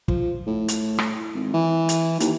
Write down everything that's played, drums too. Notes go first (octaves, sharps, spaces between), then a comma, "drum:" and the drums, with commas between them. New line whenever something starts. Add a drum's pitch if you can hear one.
F3, drum: kick
A2
drum: hi-hat
drum: rim click
G#1
E3
drum: hi-hat
D#2, drum: hi-hat